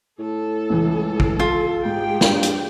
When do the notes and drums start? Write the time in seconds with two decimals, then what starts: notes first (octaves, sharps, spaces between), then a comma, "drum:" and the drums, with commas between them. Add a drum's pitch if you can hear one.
0.19 A2 A4
0.70 C#2 E3
1.20 drum: kick
1.40 F4
1.85 G#2 G4 G#4 G5
2.21 G2 F5, drum: snare
2.43 drum: hi-hat